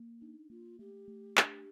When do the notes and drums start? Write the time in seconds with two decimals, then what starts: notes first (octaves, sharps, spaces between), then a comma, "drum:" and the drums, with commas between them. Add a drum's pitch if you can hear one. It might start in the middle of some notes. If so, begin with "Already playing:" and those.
Already playing: A#3
0.21 D4 D#4
0.50 A#3 F4
0.79 A3 G4
1.08 A3
1.37 D4, drum: clap